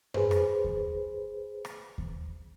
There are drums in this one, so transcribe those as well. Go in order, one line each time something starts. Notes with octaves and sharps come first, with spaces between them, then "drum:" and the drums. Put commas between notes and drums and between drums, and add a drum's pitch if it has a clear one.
G#4 B4 C5, drum: tom F#2
drum: rim click
drum: kick D#2
drum: rim click
drum: kick D#2